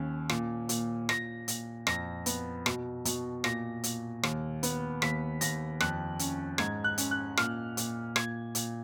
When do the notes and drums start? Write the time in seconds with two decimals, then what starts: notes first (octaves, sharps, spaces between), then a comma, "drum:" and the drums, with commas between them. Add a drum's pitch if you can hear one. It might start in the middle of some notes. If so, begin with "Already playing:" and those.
Already playing: D#2 C#4
0.29 A#2, drum: rim click
0.69 A#2, drum: hi-hat
1.09 A#2 A#6, drum: rim click
1.48 A#2, drum: hi-hat
1.87 F2 A#6, drum: rim click
2.26 B3, drum: hi-hat
2.66 B2, drum: rim click
3.05 B2, drum: hi-hat
3.44 A#2 A#6, drum: rim click
3.84 A#2, drum: hi-hat
4.23 D#2, drum: rim click
4.63 B3, drum: hi-hat
5.02 D#2 B6, drum: rim click
5.41 D#2 A#6, drum: hi-hat
5.80 F2 F#6, drum: rim click
6.19 C#4, drum: hi-hat
6.58 G#2 G#6, drum: rim click
6.84 F#6
6.98 C#4, drum: hi-hat
7.11 F#6
7.37 A#2 F6, drum: rim click
7.77 A#2, drum: hi-hat
8.16 A#2 G#6, drum: rim click
8.55 A#2, drum: hi-hat